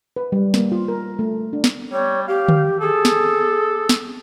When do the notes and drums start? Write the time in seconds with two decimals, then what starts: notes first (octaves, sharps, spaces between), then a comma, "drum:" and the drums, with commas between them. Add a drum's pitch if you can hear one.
0.16 B4
0.32 G3
0.54 A#3, drum: snare
0.72 F4
0.88 A#4
1.19 A3
1.53 D4
1.64 drum: snare
1.92 G3 C#5
2.28 G4 F5
2.48 drum: tom D3
2.81 G#4 A4
3.05 drum: snare
3.89 drum: snare